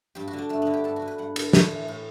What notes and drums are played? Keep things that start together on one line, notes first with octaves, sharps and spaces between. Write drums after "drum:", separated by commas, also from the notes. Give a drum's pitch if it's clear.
G2 G4
F#4
D3
D4
G2 A3
B3
D3
G4
G2 A4
F#4
D3
B4
G2 F#5
D3, drum: cymbal
A2, drum: snare
E3
A2